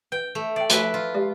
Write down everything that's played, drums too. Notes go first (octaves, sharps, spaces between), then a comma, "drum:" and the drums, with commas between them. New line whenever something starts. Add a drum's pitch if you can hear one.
B4 G5
A3
D5 E5 G5
F3 A3 F#4 B4 E5, drum: hi-hat
F4
G#3 G4 D5